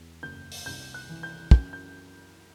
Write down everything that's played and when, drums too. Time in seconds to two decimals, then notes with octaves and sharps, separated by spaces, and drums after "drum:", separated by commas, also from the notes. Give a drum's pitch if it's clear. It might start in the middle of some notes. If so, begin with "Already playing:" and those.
Already playing: E2
0.23 F#1 G6
0.52 drum: open hi-hat
0.66 C2 G6
0.94 F#6
1.09 E3
1.23 G6
1.51 F#2 G6, drum: kick
1.73 G6